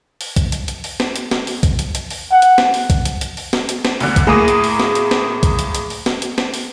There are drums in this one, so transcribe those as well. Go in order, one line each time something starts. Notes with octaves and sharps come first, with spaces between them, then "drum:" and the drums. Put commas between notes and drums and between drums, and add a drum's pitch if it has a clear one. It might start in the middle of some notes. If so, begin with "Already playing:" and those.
drum: open hi-hat
drum: kick B1, hi-hat
drum: hi-hat
drum: hi-hat
drum: open hi-hat
drum: snare
drum: hi-hat
drum: snare
drum: open hi-hat
drum: kick B1, hi-hat
drum: hi-hat
drum: hi-hat
drum: open hi-hat
F#5
drum: hi-hat
drum: snare
drum: open hi-hat
drum: kick B1, hi-hat
drum: hi-hat
drum: hi-hat
drum: open hi-hat
drum: snare
drum: hi-hat
drum: snare
D2 D3, drum: open hi-hat
drum: kick B1, hi-hat
A2 A#3 G#4 A#5 D#6
drum: hi-hat
drum: open hi-hat
drum: snare
drum: hi-hat
drum: snare
drum: kick B1, hi-hat
drum: hi-hat
drum: hi-hat
drum: open hi-hat
drum: snare
drum: hi-hat
drum: snare
drum: open hi-hat